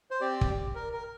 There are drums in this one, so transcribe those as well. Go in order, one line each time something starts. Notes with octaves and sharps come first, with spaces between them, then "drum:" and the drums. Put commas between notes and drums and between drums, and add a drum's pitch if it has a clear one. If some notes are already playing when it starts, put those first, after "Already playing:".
C5
C4 G4 D5
drum: kick
A#4
A#4